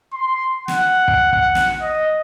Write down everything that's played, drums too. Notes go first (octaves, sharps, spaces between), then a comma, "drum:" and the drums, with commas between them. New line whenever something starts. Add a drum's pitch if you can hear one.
C6
F#5, drum: snare
drum: kick
F#5, drum: kick
drum: snare
D#5